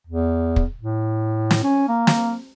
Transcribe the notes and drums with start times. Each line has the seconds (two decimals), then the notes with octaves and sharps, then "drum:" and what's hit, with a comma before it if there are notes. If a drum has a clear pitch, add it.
0.07 E2
0.56 drum: kick
0.81 A2
1.51 drum: snare
1.63 C#4
1.88 A#3
2.07 drum: snare